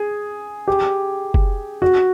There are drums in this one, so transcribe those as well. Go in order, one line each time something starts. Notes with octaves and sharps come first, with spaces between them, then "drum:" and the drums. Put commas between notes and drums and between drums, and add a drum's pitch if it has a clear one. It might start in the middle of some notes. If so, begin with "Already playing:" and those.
Already playing: G#4
G4
drum: kick
F#4